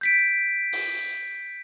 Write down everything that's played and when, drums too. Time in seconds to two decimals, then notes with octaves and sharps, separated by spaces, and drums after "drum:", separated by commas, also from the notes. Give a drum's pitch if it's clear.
0.01 G6 B6 D7
0.73 drum: open hi-hat